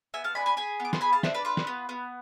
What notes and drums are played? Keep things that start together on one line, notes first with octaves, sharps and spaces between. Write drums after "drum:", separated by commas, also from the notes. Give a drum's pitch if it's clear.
B3 E5 G#5
F5 A5
D4 G#5 B5
G#5 B5
G#4 G#5 B5
B3
D6
C6, drum: snare
G#4 G#5 B5
F5 A5
D4 C5 E5, drum: snare
B4 D5
F4 B4
drum: snare
B3
B3